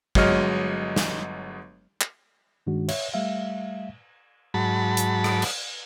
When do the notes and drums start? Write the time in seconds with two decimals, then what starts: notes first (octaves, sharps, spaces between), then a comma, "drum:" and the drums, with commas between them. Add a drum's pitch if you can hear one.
0.15 G1 F#3 G#3 C#5 D#5 F6, drum: kick
0.96 drum: snare
2.01 drum: clap
2.67 G2 D#3 G#3 D4 F#4
2.88 C#5 E5, drum: cymbal
3.14 G3 A3 E5 F5
4.54 G#2 F#3 A5 B5
4.97 drum: hi-hat
5.24 drum: rim click
5.42 drum: cymbal